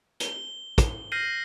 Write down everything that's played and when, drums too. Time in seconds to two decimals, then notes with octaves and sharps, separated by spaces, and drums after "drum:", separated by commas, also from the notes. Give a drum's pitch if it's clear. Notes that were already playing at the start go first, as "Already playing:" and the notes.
0.20 G7, drum: hi-hat
0.78 drum: kick, hi-hat
1.12 F6 G6 A#6 C7 D#7 F#7